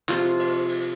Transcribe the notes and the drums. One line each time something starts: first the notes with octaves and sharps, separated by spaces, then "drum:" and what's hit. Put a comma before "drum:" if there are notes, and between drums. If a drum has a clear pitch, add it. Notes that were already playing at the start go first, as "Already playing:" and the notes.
C3 F3 G#3 F4, drum: clap
drum: cymbal
drum: cymbal